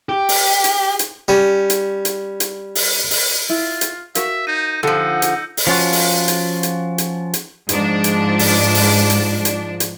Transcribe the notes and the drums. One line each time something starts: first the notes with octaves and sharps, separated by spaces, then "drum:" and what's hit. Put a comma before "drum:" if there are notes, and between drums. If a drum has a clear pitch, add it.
G4
drum: open hi-hat
drum: hi-hat
drum: hi-hat
G3 C#4
drum: hi-hat
drum: hi-hat
drum: hi-hat
drum: open hi-hat
drum: open hi-hat
E4 F4
drum: hi-hat
F#4 A#4 E5 F5, drum: hi-hat
D#4 G6 D#7
D3 F3 D#4 G4 A4 E6 C#7
drum: hi-hat
drum: open hi-hat
F3 C#4 F4 F#4
drum: open hi-hat
drum: hi-hat
drum: hi-hat
drum: hi-hat
drum: hi-hat
G#2 F3 D4, drum: hi-hat
drum: hi-hat
drum: open hi-hat
drum: open hi-hat
drum: hi-hat
drum: hi-hat
drum: hi-hat